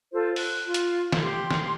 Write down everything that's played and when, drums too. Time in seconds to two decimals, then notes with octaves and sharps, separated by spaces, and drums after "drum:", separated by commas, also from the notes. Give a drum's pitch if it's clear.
0.12 F4 A4 C5
0.36 F#6, drum: open hi-hat
0.65 F4
0.74 drum: hi-hat
1.12 drum: snare
1.22 G4 C6
1.51 drum: snare